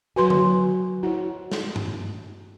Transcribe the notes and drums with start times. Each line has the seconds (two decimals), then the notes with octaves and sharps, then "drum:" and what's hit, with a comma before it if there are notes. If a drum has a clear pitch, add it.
0.16 F#3 F#4 B4 G#5 C6
0.30 drum: tom D3
1.03 E4 F#4 C#5
1.52 drum: snare
1.76 drum: tom G2